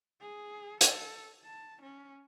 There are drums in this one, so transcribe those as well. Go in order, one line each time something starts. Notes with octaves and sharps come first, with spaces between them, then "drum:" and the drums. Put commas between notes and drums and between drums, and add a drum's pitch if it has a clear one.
G#4
A4, drum: hi-hat
A5
C#4